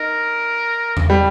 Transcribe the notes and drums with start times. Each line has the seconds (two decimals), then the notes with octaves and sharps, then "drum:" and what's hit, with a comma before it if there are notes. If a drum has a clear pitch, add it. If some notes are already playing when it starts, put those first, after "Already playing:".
Already playing: D#4 A#4
0.97 drum: tom E2
1.10 G3